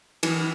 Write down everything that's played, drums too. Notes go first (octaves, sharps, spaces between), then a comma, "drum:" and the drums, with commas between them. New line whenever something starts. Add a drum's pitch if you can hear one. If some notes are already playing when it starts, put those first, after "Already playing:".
E3, drum: cymbal